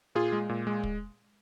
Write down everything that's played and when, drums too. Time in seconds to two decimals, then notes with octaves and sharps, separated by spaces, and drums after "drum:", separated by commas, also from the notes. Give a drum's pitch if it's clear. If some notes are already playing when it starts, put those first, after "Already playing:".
0.15 A#2 F4 G#4
0.32 G#3
0.49 A#2
0.67 G#3
0.84 drum: kick